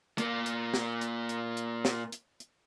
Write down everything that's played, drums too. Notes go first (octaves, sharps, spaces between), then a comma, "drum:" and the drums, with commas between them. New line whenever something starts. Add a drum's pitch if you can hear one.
A#2 A#3, drum: hi-hat
drum: hi-hat
drum: snare
drum: hi-hat
drum: hi-hat
drum: hi-hat
drum: snare
drum: hi-hat
drum: hi-hat